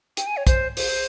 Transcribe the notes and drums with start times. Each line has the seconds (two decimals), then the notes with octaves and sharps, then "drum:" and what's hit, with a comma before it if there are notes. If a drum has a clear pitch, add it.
0.17 G5, drum: hi-hat
0.27 G#5
0.37 C#5
0.47 C5, drum: kick, hi-hat
0.77 C5, drum: open hi-hat